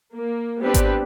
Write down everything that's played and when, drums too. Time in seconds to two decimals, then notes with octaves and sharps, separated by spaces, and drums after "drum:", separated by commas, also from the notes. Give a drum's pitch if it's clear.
0.14 A#3
0.60 G3 B3 C4 D4 G4 B4
0.74 drum: kick G#1, hi-hat